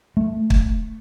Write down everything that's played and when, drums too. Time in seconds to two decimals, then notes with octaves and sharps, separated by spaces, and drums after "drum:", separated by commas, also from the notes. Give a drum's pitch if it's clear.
0.17 A3
0.50 drum: kick